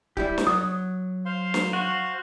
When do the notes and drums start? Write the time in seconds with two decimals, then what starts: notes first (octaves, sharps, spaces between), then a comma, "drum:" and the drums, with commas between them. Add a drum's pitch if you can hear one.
0.17 G3 E4 G4, drum: kick C#1
0.38 drum: snare
0.47 F#3 D#6
1.26 C5 F5 C6
1.54 drum: snare
1.73 F#4